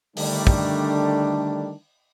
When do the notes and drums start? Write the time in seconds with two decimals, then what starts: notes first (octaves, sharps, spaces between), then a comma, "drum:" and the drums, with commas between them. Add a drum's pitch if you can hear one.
0.17 D3 D#3 G3 A3 D4, drum: open hi-hat
0.47 drum: kick